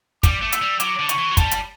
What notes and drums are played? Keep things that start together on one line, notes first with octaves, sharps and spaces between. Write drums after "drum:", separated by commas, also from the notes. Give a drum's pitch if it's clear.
G3 D6, drum: kick, hi-hat
A3
E6, drum: hi-hat
G3
F#3 D6, drum: hi-hat
D3
C#6, drum: hi-hat
E3
F#3
G3 A5, drum: kick, hi-hat
drum: hi-hat